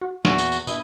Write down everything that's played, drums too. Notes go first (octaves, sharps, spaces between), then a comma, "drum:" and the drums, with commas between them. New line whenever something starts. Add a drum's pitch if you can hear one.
F#4
E2 A#2 F#4, drum: snare
drum: tambourine
drum: tambourine
G2 B2 E4 D#6, drum: tambourine